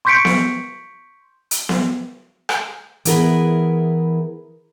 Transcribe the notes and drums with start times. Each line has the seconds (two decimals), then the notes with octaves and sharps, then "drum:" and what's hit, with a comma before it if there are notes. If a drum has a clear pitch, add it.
0.05 C6 C#6 G6 B6 C#7 D7
0.25 drum: snare B3
1.51 drum: hi-hat
1.69 drum: snare B3
2.49 drum: rim click
3.05 E3 B3 E4 G#4 A#4 B4, drum: hi-hat